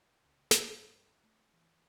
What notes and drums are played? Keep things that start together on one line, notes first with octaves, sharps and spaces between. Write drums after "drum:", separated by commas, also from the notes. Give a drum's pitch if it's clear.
C#2
G2, drum: snare
A3
E3